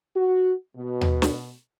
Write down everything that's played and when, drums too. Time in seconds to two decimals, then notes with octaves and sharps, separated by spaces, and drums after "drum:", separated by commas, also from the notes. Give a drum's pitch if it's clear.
0.15 F#4
0.77 B2
1.01 drum: tom D#2
1.22 drum: snare